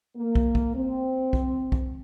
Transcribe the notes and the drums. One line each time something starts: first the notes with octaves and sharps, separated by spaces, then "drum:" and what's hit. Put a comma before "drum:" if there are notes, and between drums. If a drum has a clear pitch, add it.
A#3
drum: kick
drum: kick
C4
drum: kick
drum: kick